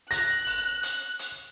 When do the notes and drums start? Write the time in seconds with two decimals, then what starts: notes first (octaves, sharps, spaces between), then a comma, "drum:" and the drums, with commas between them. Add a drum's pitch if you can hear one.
0.11 F#6 A#6, drum: hi-hat
0.47 drum: open hi-hat
0.83 drum: hi-hat
1.19 drum: hi-hat